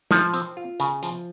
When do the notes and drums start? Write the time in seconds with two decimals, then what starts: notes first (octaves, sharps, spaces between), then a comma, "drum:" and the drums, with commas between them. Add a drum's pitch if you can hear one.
0.11 F3, drum: snare
0.34 C4, drum: hi-hat
0.57 F4
0.80 C#3, drum: hi-hat
1.03 F3, drum: hi-hat